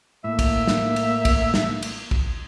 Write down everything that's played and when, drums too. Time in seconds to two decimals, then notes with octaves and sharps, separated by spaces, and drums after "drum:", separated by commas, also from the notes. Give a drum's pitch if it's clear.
0.24 A2 A#3 E5
0.39 drum: kick, cymbal
0.67 drum: snare
0.96 drum: cymbal
1.25 drum: kick, cymbal
1.54 drum: snare
1.83 drum: cymbal
2.11 drum: kick